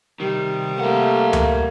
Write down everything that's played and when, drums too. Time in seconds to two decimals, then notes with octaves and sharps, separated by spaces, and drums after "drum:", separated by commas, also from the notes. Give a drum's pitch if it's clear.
0.20 C3 D#3 G3
0.80 A3 A#3 A#4 F#5
1.33 drum: tom D2